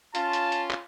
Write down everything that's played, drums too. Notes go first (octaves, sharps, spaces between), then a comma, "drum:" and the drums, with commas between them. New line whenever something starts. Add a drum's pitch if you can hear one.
C#4 F4 A5, drum: hi-hat
drum: hi-hat
drum: hi-hat
drum: clap